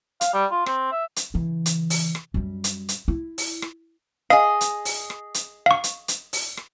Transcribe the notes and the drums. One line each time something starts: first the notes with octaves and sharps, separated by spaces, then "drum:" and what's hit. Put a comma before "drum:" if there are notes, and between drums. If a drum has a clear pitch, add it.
F5, drum: hi-hat
G3
F4
C4, drum: rim click
E5
drum: hi-hat
C#3 E3
drum: hi-hat
drum: open hi-hat
drum: rim click
F#2 G3
drum: hi-hat
drum: hi-hat
E4
drum: open hi-hat
drum: rim click
G#4 D#5 F5
drum: hi-hat
drum: open hi-hat
drum: rim click
drum: hi-hat
F5 C#6
drum: hi-hat
drum: hi-hat
drum: open hi-hat
drum: rim click